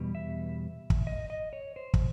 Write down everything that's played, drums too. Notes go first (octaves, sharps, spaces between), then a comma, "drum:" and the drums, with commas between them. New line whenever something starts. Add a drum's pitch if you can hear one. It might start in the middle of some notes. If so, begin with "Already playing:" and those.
Already playing: E2 B2 G3
E5
drum: kick
D#5
D#5
C#5
C5
drum: kick